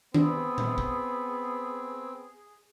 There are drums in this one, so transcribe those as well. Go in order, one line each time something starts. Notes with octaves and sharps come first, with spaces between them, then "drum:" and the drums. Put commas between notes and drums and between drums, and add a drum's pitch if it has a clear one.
B3 C4 D4 G#4, drum: tom D#3
drum: tom A#2
drum: kick